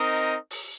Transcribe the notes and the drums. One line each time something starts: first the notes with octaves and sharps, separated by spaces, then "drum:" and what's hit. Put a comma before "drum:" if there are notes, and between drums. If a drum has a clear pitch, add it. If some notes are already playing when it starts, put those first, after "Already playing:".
Already playing: C4 D#4 A#4 D#5
drum: hi-hat
drum: open hi-hat